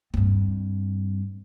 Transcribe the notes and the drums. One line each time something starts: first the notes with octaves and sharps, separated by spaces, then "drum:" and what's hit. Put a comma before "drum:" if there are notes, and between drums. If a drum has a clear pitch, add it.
G2 C4, drum: kick